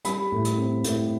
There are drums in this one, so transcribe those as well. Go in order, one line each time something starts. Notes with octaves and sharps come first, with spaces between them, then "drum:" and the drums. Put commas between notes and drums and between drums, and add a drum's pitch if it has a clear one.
G3 B5, drum: hi-hat
A2
drum: hi-hat
C4
A2, drum: hi-hat